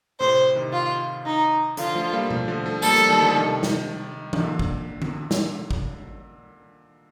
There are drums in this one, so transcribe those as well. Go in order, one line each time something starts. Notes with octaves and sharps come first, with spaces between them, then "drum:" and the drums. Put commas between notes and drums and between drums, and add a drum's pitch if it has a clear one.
A2 C3 C5
C3 D#3
F4
D#4
D3 F3 F4, drum: hi-hat
F3 A3
G3 A#3
F3 A3, drum: tom B2
D3 F3
F3 A3
G3 A#3 A4, drum: tambourine
F3 A3, drum: hi-hat
D#3 G3
D3 F3
C3 D#3
drum: snare
D#3, drum: tom E3
A#2 D3
drum: kick
drum: tom D3
drum: snare
drum: kick